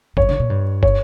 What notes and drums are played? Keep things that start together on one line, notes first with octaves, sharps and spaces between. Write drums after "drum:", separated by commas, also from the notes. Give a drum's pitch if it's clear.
G2 C#5, drum: kick
D3
A#2
G2
C#5, drum: kick